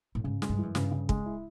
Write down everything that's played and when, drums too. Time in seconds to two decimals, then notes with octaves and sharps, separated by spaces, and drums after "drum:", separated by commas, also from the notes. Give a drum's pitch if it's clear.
0.15 A2
0.24 G#2 C#3
0.42 G#3, drum: snare
0.49 G2
0.59 F#2 E3
0.75 G2 C#3, drum: snare
0.92 C#3
1.09 G#3, drum: kick
1.26 E4